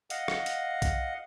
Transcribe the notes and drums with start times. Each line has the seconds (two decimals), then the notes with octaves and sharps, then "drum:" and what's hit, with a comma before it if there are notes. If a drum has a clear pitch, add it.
0.10 D#5 F5 F#5, drum: hi-hat
0.28 drum: rim click
0.46 drum: hi-hat
0.82 drum: kick B1, hi-hat